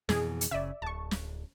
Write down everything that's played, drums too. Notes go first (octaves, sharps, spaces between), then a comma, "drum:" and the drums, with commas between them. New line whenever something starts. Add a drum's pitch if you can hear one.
F2 B2 E3 G#4, drum: snare
drum: hi-hat
F#1 C#3 D5 E5
D1 A5 C#6
drum: snare